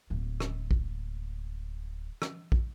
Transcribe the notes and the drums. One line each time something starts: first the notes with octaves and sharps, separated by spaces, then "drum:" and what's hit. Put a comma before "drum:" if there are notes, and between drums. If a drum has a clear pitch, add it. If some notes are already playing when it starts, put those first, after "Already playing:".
D1 A#3
drum: rim click
drum: kick
drum: rim click
drum: kick